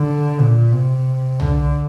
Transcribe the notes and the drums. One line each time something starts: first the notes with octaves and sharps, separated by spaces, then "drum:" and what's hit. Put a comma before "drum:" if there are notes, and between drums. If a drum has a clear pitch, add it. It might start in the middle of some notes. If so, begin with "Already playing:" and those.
Already playing: D3
A#2
C3
D3, drum: tom C2